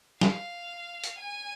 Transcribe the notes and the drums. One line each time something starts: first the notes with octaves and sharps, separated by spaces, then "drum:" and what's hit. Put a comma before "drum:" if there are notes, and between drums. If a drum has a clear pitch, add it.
F5, drum: snare
drum: hi-hat
G#5